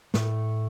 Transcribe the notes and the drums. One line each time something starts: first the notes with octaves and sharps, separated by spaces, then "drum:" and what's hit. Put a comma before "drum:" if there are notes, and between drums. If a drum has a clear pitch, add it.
A2 A3, drum: snare